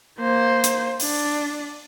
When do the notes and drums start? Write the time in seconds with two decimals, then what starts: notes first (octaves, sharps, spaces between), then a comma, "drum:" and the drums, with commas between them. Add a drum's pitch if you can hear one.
0.19 A#3 C5
0.64 drum: hi-hat
1.00 D4, drum: open hi-hat